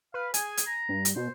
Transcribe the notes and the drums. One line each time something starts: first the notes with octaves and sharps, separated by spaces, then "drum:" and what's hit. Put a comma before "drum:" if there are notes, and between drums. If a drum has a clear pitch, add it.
B4 F5
G#4 G#5, drum: hi-hat
drum: hi-hat
A#5
G2
drum: hi-hat
B2 C5